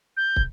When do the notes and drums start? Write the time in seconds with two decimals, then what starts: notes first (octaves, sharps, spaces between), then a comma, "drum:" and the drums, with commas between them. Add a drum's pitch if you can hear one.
0.17 G6
0.36 drum: kick